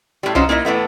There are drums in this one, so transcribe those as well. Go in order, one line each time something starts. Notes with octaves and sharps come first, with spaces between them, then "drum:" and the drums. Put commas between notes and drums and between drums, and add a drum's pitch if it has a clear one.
A2 G3
F#3 C#4 D#4 F4 C5, drum: tom C2
A#3 D#4 E4 D#5
A2 E3 A3 B3